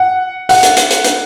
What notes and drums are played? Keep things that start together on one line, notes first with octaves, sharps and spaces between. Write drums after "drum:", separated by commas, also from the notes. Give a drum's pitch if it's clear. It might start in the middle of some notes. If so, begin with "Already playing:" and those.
Already playing: F#5
F#5, drum: open hi-hat
drum: hi-hat
drum: hi-hat
drum: hi-hat
drum: hi-hat